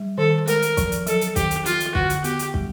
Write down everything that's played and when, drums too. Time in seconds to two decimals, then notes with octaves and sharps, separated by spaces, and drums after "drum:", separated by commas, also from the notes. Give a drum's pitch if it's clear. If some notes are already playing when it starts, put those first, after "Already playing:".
Already playing: G3
0.18 D#3 A4
0.47 G#3 A#4, drum: hi-hat
0.62 drum: hi-hat
0.77 F3, drum: kick, hi-hat
0.92 drum: hi-hat
1.07 F#3 A4, drum: hi-hat
1.21 drum: hi-hat
1.36 D#3 G4, drum: kick, hi-hat
1.51 drum: hi-hat
1.66 F3 F4, drum: hi-hat
1.80 drum: hi-hat
1.95 D3 F#4, drum: kick
2.10 drum: hi-hat
2.24 B3 G4, drum: hi-hat
2.39 drum: hi-hat
2.54 G3, drum: kick